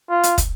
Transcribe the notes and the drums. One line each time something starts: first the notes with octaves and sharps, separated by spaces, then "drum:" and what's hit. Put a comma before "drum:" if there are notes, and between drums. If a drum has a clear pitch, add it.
F4
drum: hi-hat
drum: kick, hi-hat